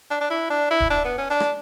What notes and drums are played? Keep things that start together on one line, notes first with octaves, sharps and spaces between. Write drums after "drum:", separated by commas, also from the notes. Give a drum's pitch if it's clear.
D4
D4
E4
D4
E4
drum: kick D1
D4
B3
C#4
D4
drum: rim click